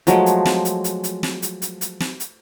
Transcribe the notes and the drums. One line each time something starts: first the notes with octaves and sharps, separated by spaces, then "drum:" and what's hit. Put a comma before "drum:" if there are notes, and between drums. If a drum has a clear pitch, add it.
F3 F#3 G#3 A3, drum: hi-hat
drum: hi-hat
drum: snare
drum: hi-hat
drum: hi-hat
drum: hi-hat
drum: snare
drum: hi-hat
drum: hi-hat
drum: hi-hat
drum: snare
drum: hi-hat